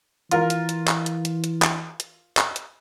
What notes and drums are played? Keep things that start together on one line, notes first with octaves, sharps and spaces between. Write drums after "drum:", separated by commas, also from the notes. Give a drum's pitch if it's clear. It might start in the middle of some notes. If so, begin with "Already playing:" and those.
E3 F4 A#4, drum: hi-hat
drum: hi-hat
drum: hi-hat
drum: clap
drum: hi-hat
drum: hi-hat
drum: hi-hat
drum: clap
drum: hi-hat
drum: clap
drum: hi-hat